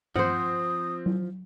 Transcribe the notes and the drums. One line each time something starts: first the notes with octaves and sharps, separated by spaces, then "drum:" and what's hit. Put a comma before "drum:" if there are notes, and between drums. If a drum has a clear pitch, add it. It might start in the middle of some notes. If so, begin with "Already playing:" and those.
F3 C4 C5 F#5 D#6, drum: tom G2
drum: tom F#3